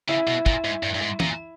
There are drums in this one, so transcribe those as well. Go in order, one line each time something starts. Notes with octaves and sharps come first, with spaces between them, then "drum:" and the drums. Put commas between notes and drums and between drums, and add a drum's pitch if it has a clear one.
C#3 E4
B2
A#2, drum: kick
G#2
G2
G2
G#2
A#2, drum: tom